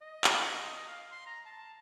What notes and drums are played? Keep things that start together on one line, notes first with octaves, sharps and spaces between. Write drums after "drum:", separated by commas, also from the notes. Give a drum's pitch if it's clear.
D#5
drum: clap
F5
C6
A#5
A5